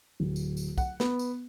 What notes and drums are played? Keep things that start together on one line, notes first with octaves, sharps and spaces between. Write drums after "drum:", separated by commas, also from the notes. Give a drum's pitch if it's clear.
D1
drum: tambourine
drum: tambourine
F#5, drum: kick, tambourine
B3, drum: snare
drum: tambourine